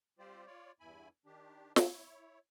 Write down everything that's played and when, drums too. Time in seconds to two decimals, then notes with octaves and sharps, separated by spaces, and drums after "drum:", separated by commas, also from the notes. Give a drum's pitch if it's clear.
0.19 G3 C4 F4 G4 C5 D5
0.46 F4 C#5 D5
0.80 E2 G2 E4 G#5 B5
1.26 D#3 D4 G4
1.76 E4 C#5, drum: snare